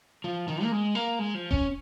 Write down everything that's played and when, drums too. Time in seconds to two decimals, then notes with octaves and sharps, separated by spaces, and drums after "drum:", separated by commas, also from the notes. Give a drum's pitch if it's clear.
0.24 F3
0.48 D#3
0.63 A#3
0.72 G#3
0.95 A#3
1.19 G#3
1.35 F3
1.51 C#4, drum: kick E1